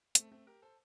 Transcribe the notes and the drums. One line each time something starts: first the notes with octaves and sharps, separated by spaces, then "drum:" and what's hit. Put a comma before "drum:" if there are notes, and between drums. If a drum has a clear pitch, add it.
A3 C4, drum: hi-hat
A3 C4
G4 A#4
A4 C5